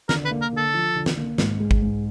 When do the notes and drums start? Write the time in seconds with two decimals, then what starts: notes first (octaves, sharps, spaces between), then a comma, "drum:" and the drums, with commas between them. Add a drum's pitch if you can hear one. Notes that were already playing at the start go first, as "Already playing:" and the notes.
0.09 D3 A#4, drum: snare
0.25 B4
0.31 A#3
0.42 A#4
0.53 D3 A4
0.74 F3
0.96 D3
1.06 drum: snare
1.17 A#3
1.38 G#2, drum: snare
1.60 G#3
1.71 drum: kick G#1
1.82 G#2